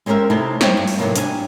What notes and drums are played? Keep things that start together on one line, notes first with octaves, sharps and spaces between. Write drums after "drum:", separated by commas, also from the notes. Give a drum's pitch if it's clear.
G#3 C4 C#4 G4 A#4 E5
C3 A3 D#4 E4
C4 D4 G4 C#5, drum: snare
G2
drum: open hi-hat
A2 C3 D#3 F#3 A#3 B3
D4 G4 D#5 G#5, drum: hi-hat